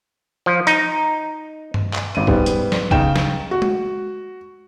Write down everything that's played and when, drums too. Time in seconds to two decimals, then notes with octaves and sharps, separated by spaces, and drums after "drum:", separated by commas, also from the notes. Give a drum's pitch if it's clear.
0.46 F3
0.67 D#4, drum: hi-hat
1.74 drum: tom G2
1.93 drum: clap
2.15 G#1 D#7
2.27 G#2 G3 B3, drum: kick
2.46 drum: hi-hat
2.72 drum: snare
2.91 C#3 D#4 G5 E7, drum: kick
3.16 drum: snare
3.51 F#4
3.62 drum: tom G#3